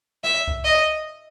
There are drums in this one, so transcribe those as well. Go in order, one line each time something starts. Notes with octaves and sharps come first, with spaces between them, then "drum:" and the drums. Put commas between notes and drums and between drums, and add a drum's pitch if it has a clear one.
E5, drum: snare
drum: kick C2
D#5